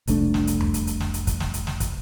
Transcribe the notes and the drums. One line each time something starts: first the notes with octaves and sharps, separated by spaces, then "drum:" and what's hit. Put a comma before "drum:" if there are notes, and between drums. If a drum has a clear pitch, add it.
F1 C2 A3 D4, drum: hi-hat
drum: snare
drum: hi-hat
drum: tom E2
drum: hi-hat
drum: hi-hat
drum: snare
drum: hi-hat
drum: kick, hi-hat
drum: snare
drum: hi-hat
drum: snare
drum: kick, hi-hat